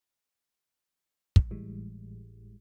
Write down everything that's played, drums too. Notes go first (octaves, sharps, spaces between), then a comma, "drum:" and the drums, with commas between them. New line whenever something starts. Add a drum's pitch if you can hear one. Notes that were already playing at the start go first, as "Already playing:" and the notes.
drum: kick
G#1 A2 E3 G3 G#3